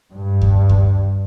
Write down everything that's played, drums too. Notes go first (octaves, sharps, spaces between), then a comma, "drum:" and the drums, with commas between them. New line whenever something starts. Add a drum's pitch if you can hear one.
G2
drum: kick D2
drum: kick D2